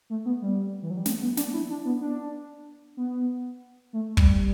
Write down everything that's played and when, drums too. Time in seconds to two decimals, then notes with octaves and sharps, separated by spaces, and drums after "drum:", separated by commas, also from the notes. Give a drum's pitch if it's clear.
0.10 A3
0.26 B3
0.42 G3
0.82 E3
0.90 F#3
0.97 G3
1.06 A3, drum: snare
1.21 B3
1.37 D4, drum: snare
1.54 E4
1.70 D4
1.85 B3
2.01 D4
2.97 B3
3.93 A3
4.17 G3, drum: kick